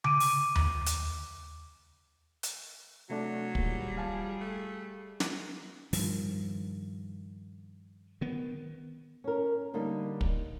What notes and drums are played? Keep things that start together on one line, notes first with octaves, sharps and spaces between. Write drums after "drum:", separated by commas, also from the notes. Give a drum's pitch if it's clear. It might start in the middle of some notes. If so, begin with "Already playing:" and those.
D6 D7 D#7, drum: tom C#3
drum: open hi-hat
drum: tom D#2
drum: hi-hat
drum: hi-hat
C3 F#3 A3 D4
D#2 A#2 G3 G#4, drum: kick
F3 F5 G#5 A5
A3
drum: snare
G2 D#3 F3, drum: open hi-hat
D#3 B3
C#4 A#4
D3 G3 A#3 D#4
drum: kick